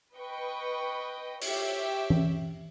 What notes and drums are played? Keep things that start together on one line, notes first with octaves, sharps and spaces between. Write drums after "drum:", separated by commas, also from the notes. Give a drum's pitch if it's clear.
B4 D#5 G5 C#6
G4 C#5 E5, drum: open hi-hat
drum: tom E3